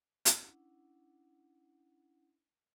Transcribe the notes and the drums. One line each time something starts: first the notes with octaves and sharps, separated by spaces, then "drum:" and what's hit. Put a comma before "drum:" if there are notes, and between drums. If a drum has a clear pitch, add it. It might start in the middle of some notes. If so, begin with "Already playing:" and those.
C#4 D4 E4 F#5, drum: hi-hat